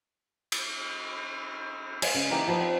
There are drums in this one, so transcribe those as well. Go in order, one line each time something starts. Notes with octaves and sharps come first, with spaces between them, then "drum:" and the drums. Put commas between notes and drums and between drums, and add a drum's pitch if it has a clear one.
drum: cymbal
G#3, drum: cymbal
C#3
E3 A#3 D#4 G4
F3 B3
C4